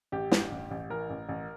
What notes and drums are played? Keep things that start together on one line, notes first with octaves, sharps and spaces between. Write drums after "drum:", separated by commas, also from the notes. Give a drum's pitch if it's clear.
A1 G4
G2, drum: snare
A1
A1
E3 A#4
A1
A1